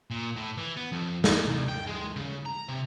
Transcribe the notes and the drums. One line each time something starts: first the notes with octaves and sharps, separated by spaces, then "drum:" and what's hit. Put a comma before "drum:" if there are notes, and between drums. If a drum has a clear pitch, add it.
A#2
A2
E3
B3
F2
A#3, drum: snare
C2
G5
G#3
C#3
A#5
C3